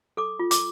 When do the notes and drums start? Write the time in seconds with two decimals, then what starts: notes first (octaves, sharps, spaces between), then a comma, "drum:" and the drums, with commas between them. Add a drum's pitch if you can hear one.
0.17 A4 D6
0.39 F4
0.51 D6, drum: hi-hat